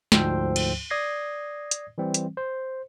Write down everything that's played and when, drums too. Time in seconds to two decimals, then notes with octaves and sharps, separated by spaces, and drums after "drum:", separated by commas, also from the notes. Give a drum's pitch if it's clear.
0.12 D2 G#2 F3 C5 G5 E6, drum: snare
0.56 drum: cymbal
0.90 D5 D#6 G#6 A#6 C7
1.71 drum: hi-hat
1.98 E3 G3 C4
2.14 drum: hi-hat
2.37 C5